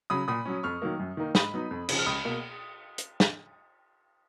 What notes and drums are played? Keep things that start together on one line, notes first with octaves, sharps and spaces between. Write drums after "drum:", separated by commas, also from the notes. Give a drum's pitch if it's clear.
C#3 F#3 B5 D#6
A#2 B5 D#6
F#3 C#4
F2 C#6 F6
D#3 F#3 A#3
F#2
D#3 A#3 D#4
G#2 B5 D#6, drum: snare
F#3 B3 D#4
F2
C#3 F3, drum: cymbal
F6
C#2 B5 D#6
B2 A#3
drum: hi-hat
drum: snare